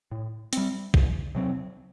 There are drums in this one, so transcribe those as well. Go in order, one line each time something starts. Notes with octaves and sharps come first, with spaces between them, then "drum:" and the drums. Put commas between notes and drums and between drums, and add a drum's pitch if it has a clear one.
A2
G3 C4, drum: hi-hat
E2, drum: kick
C3 F#3 C4